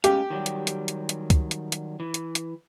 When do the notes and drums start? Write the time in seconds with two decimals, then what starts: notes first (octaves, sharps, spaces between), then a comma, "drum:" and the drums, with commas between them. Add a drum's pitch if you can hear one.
0.04 G#3 C#4 G4 F5, drum: hi-hat
0.30 D#3 F#3 G3
0.46 drum: hi-hat
0.67 drum: hi-hat
0.88 drum: hi-hat
1.09 drum: hi-hat
1.30 drum: kick C#2, hi-hat
1.51 drum: hi-hat
1.72 drum: hi-hat
2.00 E3
2.14 drum: hi-hat
2.35 drum: hi-hat